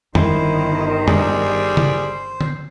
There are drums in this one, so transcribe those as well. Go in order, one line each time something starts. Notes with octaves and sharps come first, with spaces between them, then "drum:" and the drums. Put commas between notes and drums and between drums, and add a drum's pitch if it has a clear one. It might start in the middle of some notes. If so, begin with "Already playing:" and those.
G1 D#3 E4 C5, drum: tom
G3 G#4, drum: tom
drum: tom C#3
drum: tom D3